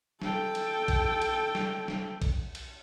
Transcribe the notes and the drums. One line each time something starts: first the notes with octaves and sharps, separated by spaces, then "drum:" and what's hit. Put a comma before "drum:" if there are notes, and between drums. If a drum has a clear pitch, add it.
A4 G5, drum: snare
drum: cymbal
drum: kick A#1, cymbal
drum: cymbal
drum: snare
drum: snare
drum: kick A#1, cymbal
drum: cymbal